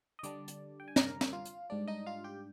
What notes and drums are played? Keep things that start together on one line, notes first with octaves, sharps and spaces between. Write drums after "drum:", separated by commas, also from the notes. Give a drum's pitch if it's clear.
D#5
D3 G3 D4 D5, drum: hi-hat
drum: hi-hat
G5
G#5
A#4 A#5, drum: snare
drum: snare
F4 F5
drum: hi-hat
G#2 G3 D4 D5
D#4 D#5
F4 F5
G4 G5